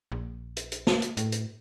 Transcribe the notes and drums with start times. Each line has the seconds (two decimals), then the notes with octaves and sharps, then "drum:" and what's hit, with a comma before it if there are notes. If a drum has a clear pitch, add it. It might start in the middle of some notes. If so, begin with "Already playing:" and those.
0.12 A#1
0.57 drum: hi-hat
0.72 drum: hi-hat
0.87 drum: snare
1.02 drum: hi-hat
1.17 A2, drum: hi-hat
1.32 drum: hi-hat